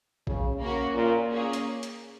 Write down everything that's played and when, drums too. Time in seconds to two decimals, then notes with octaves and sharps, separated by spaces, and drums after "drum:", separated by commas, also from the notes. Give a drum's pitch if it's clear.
0.27 C#3, drum: kick A#1
0.60 A#3 C#4 F#4
0.95 A#2
1.30 A#3 C#4 G#4
1.53 drum: hi-hat
1.83 drum: hi-hat